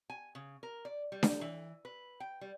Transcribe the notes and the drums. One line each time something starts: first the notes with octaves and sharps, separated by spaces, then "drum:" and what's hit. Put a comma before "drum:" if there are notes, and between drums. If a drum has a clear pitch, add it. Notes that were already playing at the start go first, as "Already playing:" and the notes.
G#5
C#3
A#4
D5
G3
drum: snare D4
E3
B4
G5
G3